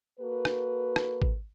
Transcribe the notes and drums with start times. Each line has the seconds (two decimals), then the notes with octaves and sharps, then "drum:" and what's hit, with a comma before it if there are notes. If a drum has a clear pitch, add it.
0.20 A#3 F#4 A4 B4
0.45 drum: rim click
0.96 drum: rim click
1.22 drum: kick G#1